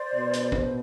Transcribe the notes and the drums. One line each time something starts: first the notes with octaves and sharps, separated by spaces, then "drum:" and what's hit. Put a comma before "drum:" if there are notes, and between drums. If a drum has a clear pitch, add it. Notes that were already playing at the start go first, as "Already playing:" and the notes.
Already playing: C5 D5
B2
drum: hi-hat
C5, drum: kick